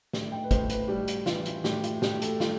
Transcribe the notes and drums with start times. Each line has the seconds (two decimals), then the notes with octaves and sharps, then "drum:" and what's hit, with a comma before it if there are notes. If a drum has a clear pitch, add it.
0.13 A2, drum: snare
0.32 G5
0.44 B4
0.51 A2 C5, drum: kick, hi-hat
0.70 B4, drum: hi-hat
0.88 G3 G4
1.08 drum: hi-hat
1.26 E3 F4, drum: snare
1.46 drum: hi-hat
1.64 A2 G4, drum: snare
1.84 F4, drum: hi-hat
2.02 A2 G4, drum: snare
2.22 A4, drum: hi-hat
2.40 G3 F4, drum: snare